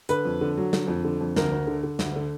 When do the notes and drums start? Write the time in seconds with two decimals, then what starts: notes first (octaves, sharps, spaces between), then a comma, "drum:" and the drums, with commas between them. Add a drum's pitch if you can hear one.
0.09 D3 B4, drum: hi-hat
0.25 F2
0.41 D3
0.57 F#3
0.73 D3, drum: snare
0.88 F2
1.04 D3
1.21 F2
1.36 D2 A#4, drum: snare
1.51 D2
1.67 D3
1.83 D3
1.99 D2, drum: snare
2.16 D3